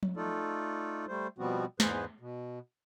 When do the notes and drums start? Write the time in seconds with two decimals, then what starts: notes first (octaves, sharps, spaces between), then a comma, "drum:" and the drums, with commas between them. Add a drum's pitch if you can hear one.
0.03 drum: tom F3
0.16 A3 D#4 F4 A4 D5
1.08 G3 A3 C5
1.38 B2 F3 G3 B3 C4 F#4
1.80 E2 G#2 E3 G#4 B4 C5, drum: snare
2.20 B2